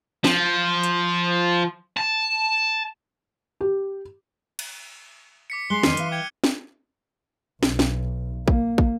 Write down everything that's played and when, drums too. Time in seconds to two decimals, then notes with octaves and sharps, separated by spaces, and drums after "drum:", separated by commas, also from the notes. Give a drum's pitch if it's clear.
0.24 F3, drum: snare
0.83 drum: hi-hat
1.97 A5
3.61 G4
4.59 drum: cymbal
5.50 D6 B6 C#7
5.70 G#3 C6 F#6 G7
5.83 E2 D#3 F6 D#7, drum: snare
5.97 E3 F5, drum: hi-hat
6.11 G5 D6 G#6 C#7
6.44 drum: snare
7.63 B1, drum: snare
7.79 drum: snare
8.48 A#3, drum: kick
8.78 drum: kick